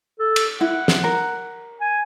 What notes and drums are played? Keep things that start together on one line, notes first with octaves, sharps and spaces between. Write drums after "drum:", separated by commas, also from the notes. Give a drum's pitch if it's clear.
A4
drum: cymbal
E4 F#5
drum: snare
A#4
G#5